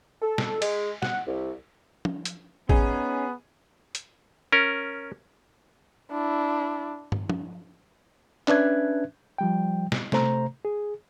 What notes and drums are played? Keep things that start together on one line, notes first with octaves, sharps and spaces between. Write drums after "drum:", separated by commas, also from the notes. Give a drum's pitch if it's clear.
A4
drum: snare
G#3, drum: cymbal
F#5, drum: snare
C2
drum: tom
drum: hi-hat
B3 C#4 D#4 G#4, drum: kick A1
drum: hi-hat
C#4 A#4
D4 E4
drum: tom
drum: tom
C#4 D4 B4 E5 F#6 G#6, drum: clap
F3 G3 G5
drum: snare
C3 A3 C5 A#5, drum: snare
G#4